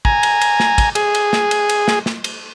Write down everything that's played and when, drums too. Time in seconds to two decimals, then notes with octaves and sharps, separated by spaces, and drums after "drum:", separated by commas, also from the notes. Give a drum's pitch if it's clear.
0.05 G#5 A#5, drum: kick
0.23 drum: cymbal
0.41 drum: cymbal
0.60 drum: snare
0.78 drum: kick, cymbal
0.95 G#4, drum: cymbal
1.15 drum: cymbal
1.33 drum: snare
1.51 drum: cymbal
1.69 drum: cymbal
1.88 drum: snare
2.06 drum: snare
2.24 drum: cymbal